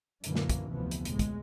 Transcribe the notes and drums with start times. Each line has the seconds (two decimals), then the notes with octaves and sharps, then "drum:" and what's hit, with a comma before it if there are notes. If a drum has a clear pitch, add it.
0.24 F#2 A#2 D3 E3 F#3 A#3, drum: hi-hat
0.36 drum: snare
0.50 drum: kick, hi-hat
0.70 F1 D2 C3 E3 F3 B3
0.91 drum: hi-hat
1.05 A2 G#3, drum: hi-hat
1.19 drum: kick, hi-hat